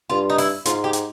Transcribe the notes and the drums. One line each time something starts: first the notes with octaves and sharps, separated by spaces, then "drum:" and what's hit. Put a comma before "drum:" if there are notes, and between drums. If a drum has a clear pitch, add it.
G2 F4
D#4
E4, drum: open hi-hat
G#2 F4, drum: hi-hat
G4
drum: hi-hat